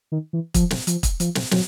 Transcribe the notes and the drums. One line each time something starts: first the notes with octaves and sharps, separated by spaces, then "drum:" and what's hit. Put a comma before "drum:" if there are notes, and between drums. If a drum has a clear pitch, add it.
D#3
E3
F3, drum: kick, hi-hat
drum: snare
F3, drum: hi-hat
drum: kick, hi-hat
F3, drum: hi-hat
drum: snare
F#3, drum: snare